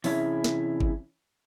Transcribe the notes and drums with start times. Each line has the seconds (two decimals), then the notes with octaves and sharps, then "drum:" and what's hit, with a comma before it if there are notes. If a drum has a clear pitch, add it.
0.04 C3 E3 C#4 E4 G#4, drum: open hi-hat
0.44 drum: snare
0.80 drum: kick